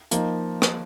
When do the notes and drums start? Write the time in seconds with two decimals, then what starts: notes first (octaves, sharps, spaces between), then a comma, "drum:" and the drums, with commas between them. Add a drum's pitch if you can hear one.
0.11 F3 A#3 D#4, drum: hi-hat
0.62 drum: rim click